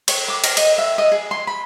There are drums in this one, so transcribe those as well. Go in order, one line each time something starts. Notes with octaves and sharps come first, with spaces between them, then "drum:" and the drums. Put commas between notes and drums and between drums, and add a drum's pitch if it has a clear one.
C#5, drum: cymbal
D6
A#4, drum: cymbal
D#5, drum: cymbal
E5
D#5
G#4
C6
B5